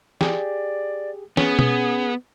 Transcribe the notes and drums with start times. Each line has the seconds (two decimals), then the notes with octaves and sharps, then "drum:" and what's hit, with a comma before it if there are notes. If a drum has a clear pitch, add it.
0.21 G4 G#4 D5, drum: snare
1.37 B3 C#4 G#4, drum: snare
1.59 drum: tom B2